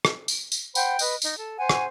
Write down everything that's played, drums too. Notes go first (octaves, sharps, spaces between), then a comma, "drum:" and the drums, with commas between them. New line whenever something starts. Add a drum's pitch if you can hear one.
drum: rim click
drum: tambourine
drum: tambourine
C5 F#5 G5 B5, drum: tambourine
B4 D#5 F#6, drum: tambourine
D#4, drum: tambourine
A4
C5 F#5 G#5
drum: rim click